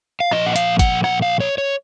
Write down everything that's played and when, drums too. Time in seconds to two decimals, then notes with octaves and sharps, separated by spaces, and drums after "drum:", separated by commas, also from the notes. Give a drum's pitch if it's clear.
0.20 F5
0.31 A#2 F3 D#5, drum: rim click
0.46 F#5
0.56 F5, drum: hi-hat
0.79 F#5, drum: kick, hi-hat
1.04 F#5, drum: rim click
1.22 F5
1.40 C#5
1.58 C#5